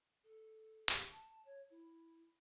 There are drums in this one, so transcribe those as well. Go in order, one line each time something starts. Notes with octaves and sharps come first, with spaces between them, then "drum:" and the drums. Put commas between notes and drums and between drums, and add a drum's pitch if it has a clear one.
A4
G4, drum: hi-hat
A5
C#5
E4